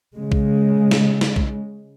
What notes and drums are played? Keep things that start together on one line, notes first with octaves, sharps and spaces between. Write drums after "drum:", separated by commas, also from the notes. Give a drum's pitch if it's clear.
C#3 G#3
drum: kick
drum: snare
drum: snare
drum: kick